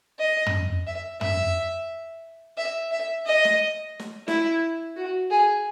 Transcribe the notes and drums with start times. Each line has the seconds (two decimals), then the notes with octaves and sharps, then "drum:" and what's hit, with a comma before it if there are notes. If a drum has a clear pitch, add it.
0.19 D#5
0.46 drum: tom
0.87 E5
1.21 E5, drum: tom
2.57 E5
2.91 E5
3.25 D#5
3.45 drum: snare
3.99 drum: snare
4.28 E4, drum: snare
4.96 F#4
5.31 G#4